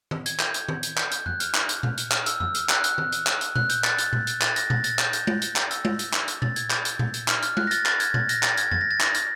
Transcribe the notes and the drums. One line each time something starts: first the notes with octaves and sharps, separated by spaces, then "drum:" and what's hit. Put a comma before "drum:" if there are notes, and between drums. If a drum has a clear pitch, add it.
drum: tom
G#6, drum: hi-hat
G6, drum: clap
drum: hi-hat
drum: tom
drum: hi-hat
G6, drum: clap
G6, drum: hi-hat
F#6, drum: tom F2
F6, drum: hi-hat
drum: clap
drum: hi-hat
drum: tom A#2
drum: hi-hat
F6, drum: clap
E6, drum: hi-hat
E6, drum: tom F2
F6, drum: hi-hat
F#6, drum: clap
F#6, drum: hi-hat
drum: tom
drum: hi-hat
drum: clap
drum: hi-hat
F#6, drum: tom A#2
G6, drum: hi-hat
A6, drum: clap
drum: hi-hat
drum: tom A#2
drum: hi-hat
A6, drum: clap
A#6, drum: hi-hat
A6, drum: tom A#2
A6, drum: hi-hat
G6, drum: clap
G6, drum: hi-hat
drum: tom G#3
drum: hi-hat
drum: clap
E6, drum: hi-hat
drum: tom G#3
drum: hi-hat
drum: clap
drum: hi-hat
A6, drum: tom A#2
G#6, drum: hi-hat
G6, drum: clap
drum: hi-hat
drum: tom A#2
drum: hi-hat
F6, drum: clap
F6, drum: hi-hat
F#6, drum: tom G#3
A#6
A6, drum: hi-hat
A6, drum: clap
G#6, drum: hi-hat
A6, drum: tom A#2
A#6, drum: hi-hat
A6, drum: clap
G#6, drum: hi-hat
A6, drum: tom F2
A#6
A6
A#6, drum: clap
drum: hi-hat